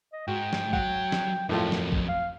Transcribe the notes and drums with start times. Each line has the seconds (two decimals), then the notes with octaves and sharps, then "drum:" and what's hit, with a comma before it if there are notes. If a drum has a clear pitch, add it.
0.13 D#5
0.28 G#2 F#4 G5
0.53 drum: snare
0.73 F#3 F#5, drum: kick
1.12 drum: snare
1.49 F2 A2 F#3 A3 F4 A#4
1.72 drum: snare
1.92 drum: kick
2.08 F5